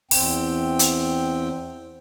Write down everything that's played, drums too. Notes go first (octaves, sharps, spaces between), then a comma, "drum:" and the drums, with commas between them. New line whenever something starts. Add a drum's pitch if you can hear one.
E2 C4 G5, drum: open hi-hat
drum: hi-hat